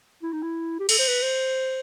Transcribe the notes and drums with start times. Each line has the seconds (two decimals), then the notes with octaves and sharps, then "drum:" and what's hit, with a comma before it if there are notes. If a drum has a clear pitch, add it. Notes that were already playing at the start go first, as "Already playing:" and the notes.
0.23 E4
0.32 D#4
0.42 E4
0.79 G4
0.89 A4, drum: cymbal
0.99 C5
1.08 B4
1.22 C5